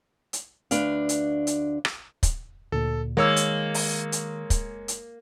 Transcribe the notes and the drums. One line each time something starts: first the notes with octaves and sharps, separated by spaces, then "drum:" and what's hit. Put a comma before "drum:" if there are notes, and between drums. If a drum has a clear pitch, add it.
drum: hi-hat
D2 D4 B4 D5 F5, drum: hi-hat
drum: hi-hat
drum: hi-hat
drum: rim click
drum: kick, hi-hat
D2 A#2 A4
D#3 G#3 A#3 C#5 E6
drum: hi-hat
drum: open hi-hat
drum: hi-hat
drum: kick, hi-hat
drum: hi-hat